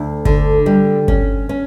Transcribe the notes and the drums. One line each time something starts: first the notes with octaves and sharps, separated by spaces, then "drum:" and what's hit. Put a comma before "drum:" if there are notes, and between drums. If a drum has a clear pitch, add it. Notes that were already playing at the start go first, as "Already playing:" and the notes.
Already playing: D2
D3, drum: kick G1
G3
C#4, drum: kick G1
C#4